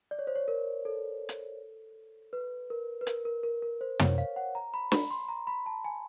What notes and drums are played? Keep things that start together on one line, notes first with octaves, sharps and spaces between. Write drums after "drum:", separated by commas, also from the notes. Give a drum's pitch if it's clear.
D5
C#5
C5
C#5
A#4
A4
drum: hi-hat
B4
A#4
B4
A#4, drum: hi-hat
A#4
A#4
A#4
C5
C#5, drum: tom
F5
F#5
A#5
B5
B5, drum: snare
C6
A#5
B5
A5
G#5